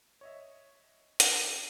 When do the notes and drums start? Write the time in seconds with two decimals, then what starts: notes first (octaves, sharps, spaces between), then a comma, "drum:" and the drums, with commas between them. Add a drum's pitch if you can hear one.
0.21 C#5 D#5 E5
1.20 drum: hi-hat